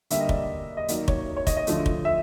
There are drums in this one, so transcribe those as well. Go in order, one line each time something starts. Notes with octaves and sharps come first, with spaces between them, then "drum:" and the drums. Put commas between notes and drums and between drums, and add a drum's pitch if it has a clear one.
D3 G3 A#3 E5, drum: hi-hat
D#5
D5, drum: kick
D#5
D#5
D#3 F#3 A#3 D5, drum: hi-hat
C#5, drum: kick
C#5
D#5, drum: kick, hi-hat
D#5
D3 F3 A3, drum: hi-hat
drum: kick
E5